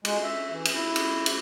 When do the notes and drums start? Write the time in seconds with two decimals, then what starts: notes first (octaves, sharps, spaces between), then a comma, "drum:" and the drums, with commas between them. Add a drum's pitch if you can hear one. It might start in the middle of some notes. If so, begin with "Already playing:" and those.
0.05 G#3, drum: cymbal
0.23 E5
0.51 E3
0.65 drum: cymbal
0.75 E4
0.96 drum: cymbal
1.26 drum: cymbal